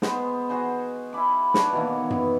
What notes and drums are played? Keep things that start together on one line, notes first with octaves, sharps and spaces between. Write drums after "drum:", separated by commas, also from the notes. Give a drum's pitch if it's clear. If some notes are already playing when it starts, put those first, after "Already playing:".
G#3 B3 C5, drum: snare
F#4 G#4 C5 D#5
E4 G#4 B5 D6
D4 B4 C#5, drum: snare
B2 D#3 E3 A#3
B3, drum: tom F#2